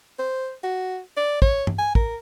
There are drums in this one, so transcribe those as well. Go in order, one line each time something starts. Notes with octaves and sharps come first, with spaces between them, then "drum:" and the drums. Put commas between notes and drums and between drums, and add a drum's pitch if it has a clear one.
C5
F#4
D5
C#5, drum: kick
drum: tom G2
G#5
A#4, drum: kick